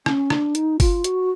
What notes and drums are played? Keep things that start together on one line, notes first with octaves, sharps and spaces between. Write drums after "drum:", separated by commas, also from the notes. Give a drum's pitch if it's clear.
C#4, drum: rim click
D4, drum: rim click
D#4, drum: hi-hat
F4, drum: kick G1, open hi-hat
F#4, drum: hi-hat